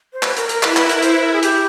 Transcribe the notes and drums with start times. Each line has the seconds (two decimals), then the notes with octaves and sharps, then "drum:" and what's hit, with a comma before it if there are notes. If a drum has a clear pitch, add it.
0.13 C5
0.23 B4, drum: clap
0.37 A#4, drum: hi-hat
0.49 A#4, drum: hi-hat
0.63 E4 B4, drum: clap
0.77 B4, drum: clap
0.89 A#4, drum: hi-hat
1.02 C5, drum: hi-hat
1.13 B4
1.23 A#4
1.33 G#4
1.43 G4, drum: hi-hat